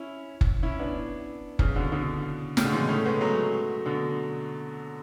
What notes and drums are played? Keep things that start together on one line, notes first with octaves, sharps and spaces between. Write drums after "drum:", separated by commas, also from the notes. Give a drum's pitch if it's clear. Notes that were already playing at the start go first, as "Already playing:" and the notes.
Already playing: C#4 E4
drum: kick F#1
C#4 E4
B3 D4
C#3 E3, drum: kick F#1
B2 D3
B2 D3
A2 C#3, drum: snare
B2 D3
E3 G#3
A3 C#4
G#3 B3
F#3 A3
B2 D3